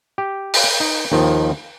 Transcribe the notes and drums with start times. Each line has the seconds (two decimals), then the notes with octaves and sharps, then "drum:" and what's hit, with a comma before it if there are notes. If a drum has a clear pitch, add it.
0.18 G4
0.54 drum: open hi-hat
0.80 D#4
1.12 D#2 D#3 F3